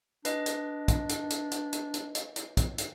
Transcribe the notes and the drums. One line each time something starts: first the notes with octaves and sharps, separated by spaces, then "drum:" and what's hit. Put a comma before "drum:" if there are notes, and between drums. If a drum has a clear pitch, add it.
D4 B4 D#5, drum: hi-hat
drum: hi-hat
drum: kick, hi-hat
drum: hi-hat
drum: hi-hat
drum: hi-hat
drum: hi-hat
drum: hi-hat
drum: hi-hat
drum: hi-hat
drum: kick, hi-hat
drum: hi-hat